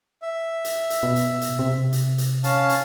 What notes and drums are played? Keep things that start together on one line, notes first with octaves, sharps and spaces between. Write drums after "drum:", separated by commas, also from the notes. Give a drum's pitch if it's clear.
E5
drum: hi-hat
drum: hi-hat
B2
drum: hi-hat
drum: hi-hat
C3
drum: hi-hat
drum: hi-hat
C#4 F5 A5, drum: hi-hat
drum: hi-hat